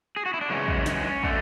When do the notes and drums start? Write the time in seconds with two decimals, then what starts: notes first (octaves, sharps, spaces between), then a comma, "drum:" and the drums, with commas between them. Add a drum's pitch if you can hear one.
0.16 G#4
0.26 F#4
0.34 E4
0.41 D4
0.50 F#2 C#3 E3 G#3 C#4
0.68 drum: kick
0.86 drum: snare
1.23 D3 A3, drum: kick